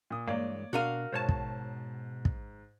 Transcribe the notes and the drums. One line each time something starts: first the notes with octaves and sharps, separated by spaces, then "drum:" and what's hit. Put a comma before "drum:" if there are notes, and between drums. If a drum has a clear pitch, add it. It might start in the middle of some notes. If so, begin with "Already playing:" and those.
A#2 D#6
G2 E3 G#3 A#3 C#5 D5
B2 D4 F#4 A#4 F5 D#7
G#2 B2 C5 C#5 A5
drum: kick
drum: kick